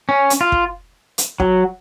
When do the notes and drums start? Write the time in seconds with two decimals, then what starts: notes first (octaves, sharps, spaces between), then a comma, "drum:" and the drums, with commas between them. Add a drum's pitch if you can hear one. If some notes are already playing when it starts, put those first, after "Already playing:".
0.09 C#4
0.30 drum: hi-hat
0.41 F4
0.52 drum: kick
1.18 drum: hi-hat
1.40 F#3, drum: kick